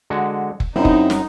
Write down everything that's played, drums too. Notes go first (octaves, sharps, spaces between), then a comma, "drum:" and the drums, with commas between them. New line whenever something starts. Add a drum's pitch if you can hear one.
D3 G#3 F#4
drum: kick F#1
F#2 C4 D#4 E4
drum: kick F#1
drum: snare